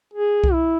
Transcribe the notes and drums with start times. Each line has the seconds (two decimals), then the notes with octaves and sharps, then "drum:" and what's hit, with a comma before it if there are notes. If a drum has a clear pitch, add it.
0.14 G#4
0.44 drum: kick C2
0.53 E4